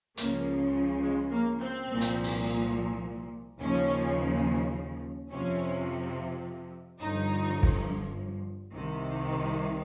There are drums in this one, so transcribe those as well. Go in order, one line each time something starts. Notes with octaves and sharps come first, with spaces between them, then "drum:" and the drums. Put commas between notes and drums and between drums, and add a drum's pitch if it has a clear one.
C#2 C#3 F3 A#3, drum: hi-hat
G#3
A#3
C4
C2 A#2 F3
drum: hi-hat
drum: open hi-hat
D#2 C#3 F3 C#4
F2 C3 F3 C#4
G1 G2 F3 D#4
drum: kick
C2 C3 D#3